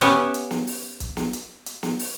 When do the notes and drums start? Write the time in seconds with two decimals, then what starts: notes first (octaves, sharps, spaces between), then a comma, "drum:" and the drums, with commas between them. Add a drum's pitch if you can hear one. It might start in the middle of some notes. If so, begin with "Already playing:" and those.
0.01 B3 C#4 G4 C#5 E5 F#5, drum: hi-hat
0.34 drum: hi-hat
0.51 drum: snare
0.67 drum: open hi-hat
1.00 drum: kick, hi-hat
1.17 drum: snare
1.33 drum: hi-hat
1.66 drum: hi-hat
1.83 drum: snare
1.99 drum: open hi-hat